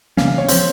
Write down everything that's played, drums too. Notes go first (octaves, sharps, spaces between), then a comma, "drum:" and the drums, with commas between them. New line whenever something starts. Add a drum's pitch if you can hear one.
C#3 E3 A#3 C#4 F5, drum: snare
F5
C#5
F3 C4 C5, drum: hi-hat